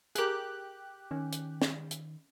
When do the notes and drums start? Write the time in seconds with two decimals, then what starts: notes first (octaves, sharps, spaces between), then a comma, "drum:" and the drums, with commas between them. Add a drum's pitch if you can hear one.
0.15 G4 G#4 A#4 F#6, drum: hi-hat
1.11 D#3 C#4
1.32 drum: hi-hat
1.62 drum: snare
1.91 drum: hi-hat